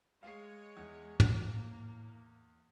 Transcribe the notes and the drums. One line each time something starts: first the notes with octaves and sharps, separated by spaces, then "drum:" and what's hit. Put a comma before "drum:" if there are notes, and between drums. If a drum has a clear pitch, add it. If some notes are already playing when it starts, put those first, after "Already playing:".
G#3 C#5 F5 C7
E2
A2 A#3, drum: tom